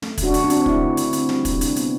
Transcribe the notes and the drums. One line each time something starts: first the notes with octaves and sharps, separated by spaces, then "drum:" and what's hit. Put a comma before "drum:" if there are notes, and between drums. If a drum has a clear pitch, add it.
A3, drum: snare
D3, drum: kick, hi-hat
D4 F#4
D3, drum: hi-hat
D4 F#4
C4, drum: hi-hat
A3 E4, drum: kick
D3
D3, drum: hi-hat
C4, drum: hi-hat
G3, drum: snare
C3, drum: kick, hi-hat
D4, drum: hi-hat
B3, drum: hi-hat